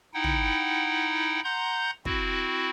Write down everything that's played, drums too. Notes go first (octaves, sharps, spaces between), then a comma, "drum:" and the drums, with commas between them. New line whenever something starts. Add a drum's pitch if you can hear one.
D#4 E4 F#5 G5
drum: tom
F#5 A#5 C6 G6
C4 E4 F#4, drum: kick